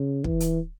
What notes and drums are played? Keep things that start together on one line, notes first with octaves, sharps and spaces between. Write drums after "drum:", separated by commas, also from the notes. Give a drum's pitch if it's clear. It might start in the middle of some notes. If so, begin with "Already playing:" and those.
Already playing: C#3
E3, drum: kick
drum: hi-hat